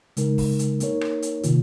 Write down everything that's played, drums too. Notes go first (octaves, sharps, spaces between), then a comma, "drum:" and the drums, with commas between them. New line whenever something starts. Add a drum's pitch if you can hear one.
C#3 G#3 D#4 A#4, drum: hi-hat
drum: kick, open hi-hat
drum: hi-hat
A#3 D#4 A#4 C#5, drum: hi-hat
drum: rim click
drum: hi-hat
C3 D#3 A#3 F4, drum: hi-hat